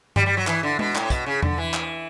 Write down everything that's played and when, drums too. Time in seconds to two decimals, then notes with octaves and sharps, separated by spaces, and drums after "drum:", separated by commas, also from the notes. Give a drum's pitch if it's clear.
0.16 G3, drum: tom G2
0.26 G3
0.37 F#3
0.47 E3, drum: clap
0.63 D3
0.79 B2, drum: tom G#3
0.95 A2, drum: clap
1.10 B2, drum: kick, hi-hat
1.26 C#3
1.42 D3, drum: tom E2
1.58 E3
1.74 drum: clap